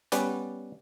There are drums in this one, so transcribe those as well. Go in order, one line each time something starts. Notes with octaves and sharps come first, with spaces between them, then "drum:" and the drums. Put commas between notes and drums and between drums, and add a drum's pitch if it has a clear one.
G3 B3 C#4 B4 D5, drum: hi-hat